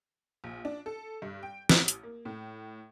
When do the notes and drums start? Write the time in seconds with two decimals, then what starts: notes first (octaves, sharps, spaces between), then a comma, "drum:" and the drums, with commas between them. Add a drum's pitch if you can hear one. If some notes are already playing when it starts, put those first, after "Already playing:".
0.44 A#1
0.65 D4
0.86 A4
1.22 G2
1.43 G5
1.69 A1, drum: snare
1.88 drum: hi-hat
2.03 A#3
2.25 A2